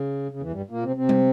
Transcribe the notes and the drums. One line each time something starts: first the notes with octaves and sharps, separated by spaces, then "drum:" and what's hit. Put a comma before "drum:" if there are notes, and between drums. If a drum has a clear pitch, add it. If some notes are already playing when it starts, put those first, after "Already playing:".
Already playing: C#3
C#3
E2 E3
G2 G3
A#2 A#3
C3 C4
C3 C4
drum: tom G3